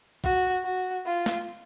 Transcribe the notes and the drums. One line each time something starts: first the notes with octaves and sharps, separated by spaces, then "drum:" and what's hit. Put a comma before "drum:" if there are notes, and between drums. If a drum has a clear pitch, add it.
F#4, drum: kick
F#4
F4
drum: snare